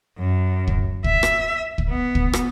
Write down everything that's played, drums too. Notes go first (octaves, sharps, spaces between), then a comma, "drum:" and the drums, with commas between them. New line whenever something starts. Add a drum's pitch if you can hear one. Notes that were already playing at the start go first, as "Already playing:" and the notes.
F#2
drum: kick
E5, drum: kick
drum: rim click
drum: kick
B3
drum: kick
drum: rim click